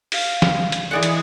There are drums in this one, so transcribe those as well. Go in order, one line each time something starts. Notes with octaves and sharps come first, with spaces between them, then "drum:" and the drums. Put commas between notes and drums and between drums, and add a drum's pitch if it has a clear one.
F5, drum: open hi-hat
drum: snare
drum: hi-hat
E3 G#3 D5 F#5
drum: hi-hat